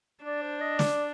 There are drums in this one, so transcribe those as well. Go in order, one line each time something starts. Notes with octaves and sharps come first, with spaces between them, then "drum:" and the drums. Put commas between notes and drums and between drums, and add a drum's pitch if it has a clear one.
D4 D5
C5
D#5
D5, drum: snare